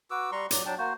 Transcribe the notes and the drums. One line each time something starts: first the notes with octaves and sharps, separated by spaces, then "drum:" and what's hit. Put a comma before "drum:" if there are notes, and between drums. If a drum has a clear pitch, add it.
F#4 B4 D6 E6
G3 A#5 C6 C#6
F#3 D5, drum: hi-hat
F#3 D4 G5 A5
A#3 F#4 C5